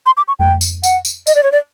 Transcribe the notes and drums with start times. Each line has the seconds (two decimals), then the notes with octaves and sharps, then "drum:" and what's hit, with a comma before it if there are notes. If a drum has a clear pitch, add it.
0.06 C6
0.17 D6
0.28 C#6
0.39 G5, drum: tom F2
0.61 drum: tambourine
0.83 F#5, drum: tambourine
1.05 drum: tambourine
1.27 D#5, drum: tambourine
1.35 D5
1.43 C#5
1.52 D5